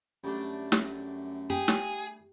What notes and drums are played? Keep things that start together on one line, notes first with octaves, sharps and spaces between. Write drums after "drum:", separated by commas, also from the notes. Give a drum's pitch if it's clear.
F#2 G3 A3 D4
drum: snare
G4 G#4
drum: snare